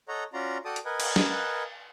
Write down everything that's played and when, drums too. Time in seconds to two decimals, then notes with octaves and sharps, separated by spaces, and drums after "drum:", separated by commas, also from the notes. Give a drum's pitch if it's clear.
0.08 A4 C#5 D#5 F#5 A#5
0.33 C#4 F4 F#4 D5 A#5 C6
0.65 F#4 A4 D5 G5 A5 D#6
0.76 drum: hi-hat
0.85 A#4 B4 D#5 F#5 G#5
1.00 drum: cymbal
1.16 drum: snare